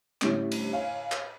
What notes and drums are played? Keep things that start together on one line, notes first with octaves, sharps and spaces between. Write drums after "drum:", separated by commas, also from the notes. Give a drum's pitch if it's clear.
A2 D3 G3 C#4 E4, drum: clap
drum: cymbal
C#5 F5 G#5
drum: clap